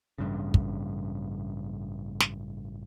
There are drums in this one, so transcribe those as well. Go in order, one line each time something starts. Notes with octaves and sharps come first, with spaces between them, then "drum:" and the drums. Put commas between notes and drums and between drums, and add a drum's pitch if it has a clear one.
A1 G2 C#3
drum: kick
drum: snare